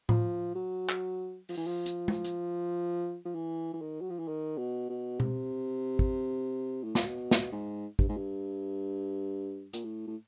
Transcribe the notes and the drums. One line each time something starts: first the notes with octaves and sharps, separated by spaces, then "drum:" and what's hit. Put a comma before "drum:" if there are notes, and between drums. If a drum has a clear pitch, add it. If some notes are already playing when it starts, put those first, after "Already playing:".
F3, drum: tom A2
F#3
drum: clap
F3, drum: open hi-hat
E3
F3
drum: hi-hat
drum: tom
drum: hi-hat
F3
E3
E3
D#3
F#3
F3
E3
D#3
B2
B2
C3, drum: tom B2
drum: kick
A2
A#2, drum: snare
B2
drum: snare
G#2
G2, drum: kick
G#2
G2
A#2, drum: hi-hat
A2
A2